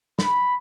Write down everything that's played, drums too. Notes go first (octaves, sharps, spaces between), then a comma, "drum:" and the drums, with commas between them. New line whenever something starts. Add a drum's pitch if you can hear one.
B5, drum: snare